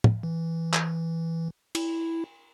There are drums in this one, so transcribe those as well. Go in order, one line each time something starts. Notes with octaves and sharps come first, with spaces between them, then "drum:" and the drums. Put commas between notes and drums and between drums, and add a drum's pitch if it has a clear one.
drum: tom
E3
drum: clap
E4, drum: cymbal